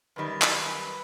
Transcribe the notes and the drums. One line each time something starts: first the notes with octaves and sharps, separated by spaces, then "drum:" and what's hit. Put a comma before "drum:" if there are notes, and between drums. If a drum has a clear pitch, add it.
F#2 D#3 G3 B4
drum: clap